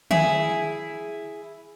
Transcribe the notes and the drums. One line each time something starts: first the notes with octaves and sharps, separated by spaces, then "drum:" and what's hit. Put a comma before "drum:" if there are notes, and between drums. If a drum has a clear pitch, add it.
E4 G#4, drum: tom D3